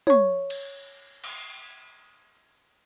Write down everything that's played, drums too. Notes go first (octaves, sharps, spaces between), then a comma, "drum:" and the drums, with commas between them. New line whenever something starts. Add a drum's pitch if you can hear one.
C#5 C#6, drum: tom
drum: cymbal
drum: cymbal
drum: hi-hat